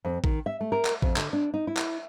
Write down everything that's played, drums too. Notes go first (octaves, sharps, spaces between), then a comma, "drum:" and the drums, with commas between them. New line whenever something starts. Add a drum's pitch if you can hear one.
F2
D#3, drum: kick A1
E5
A3
A#4
drum: clap
F2, drum: kick A1
D3, drum: clap
D4
D#4
E4
drum: clap